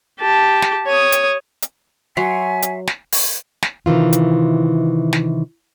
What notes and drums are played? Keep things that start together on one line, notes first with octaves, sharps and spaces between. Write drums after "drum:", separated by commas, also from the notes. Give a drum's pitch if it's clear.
G4 A5
drum: snare
C#5 D#6
drum: hi-hat
drum: hi-hat
F#3 E5 G#5 C6 C#6
drum: hi-hat
drum: snare
drum: open hi-hat
drum: snare
C3 D#3 E3 F4
drum: hi-hat
drum: snare